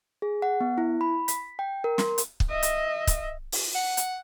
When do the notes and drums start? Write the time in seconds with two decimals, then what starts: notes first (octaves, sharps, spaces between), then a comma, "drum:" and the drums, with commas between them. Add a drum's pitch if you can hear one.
0.22 G#4
0.42 F#5
0.61 B3
0.78 E4
1.01 B5
1.28 B6, drum: hi-hat
1.59 G5
1.84 A#4
1.98 C6, drum: snare
2.18 drum: hi-hat
2.40 drum: kick
2.49 D#5 E5
2.63 drum: hi-hat
3.07 drum: kick, hi-hat
3.52 drum: open hi-hat
3.75 F#5
3.97 drum: hi-hat